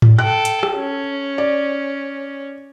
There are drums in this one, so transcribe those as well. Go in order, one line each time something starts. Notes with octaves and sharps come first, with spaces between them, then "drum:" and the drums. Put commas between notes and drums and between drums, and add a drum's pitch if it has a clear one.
drum: tom G#2
A4 G5 F#6
drum: hi-hat
drum: rim click
C#4
D5